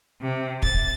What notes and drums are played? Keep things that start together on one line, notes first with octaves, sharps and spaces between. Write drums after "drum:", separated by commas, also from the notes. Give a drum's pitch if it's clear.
C3
A6, drum: kick